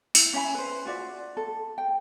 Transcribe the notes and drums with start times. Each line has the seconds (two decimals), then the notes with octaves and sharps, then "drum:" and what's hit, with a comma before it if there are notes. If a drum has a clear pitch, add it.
0.15 E4, drum: open hi-hat
0.33 C#4 E5 G#5 B5
0.54 B4 C5
0.85 F4 F#4 D5 E5
1.37 A4
1.78 G5